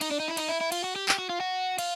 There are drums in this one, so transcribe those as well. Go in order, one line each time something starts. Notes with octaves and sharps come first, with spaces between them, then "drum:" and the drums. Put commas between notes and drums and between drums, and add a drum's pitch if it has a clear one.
D#4, drum: cymbal
D4
D#4
E4
D#4, drum: cymbal
E4
E4
F4, drum: cymbal
F#4
G4
G4, drum: clap
F#4
F4
F#4
F4, drum: cymbal